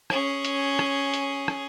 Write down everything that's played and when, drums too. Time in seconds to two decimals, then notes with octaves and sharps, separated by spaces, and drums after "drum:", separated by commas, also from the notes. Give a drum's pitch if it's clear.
0.10 C#4 G#4, drum: rim click
0.45 drum: hi-hat
0.79 drum: rim click
1.14 drum: hi-hat
1.48 drum: rim click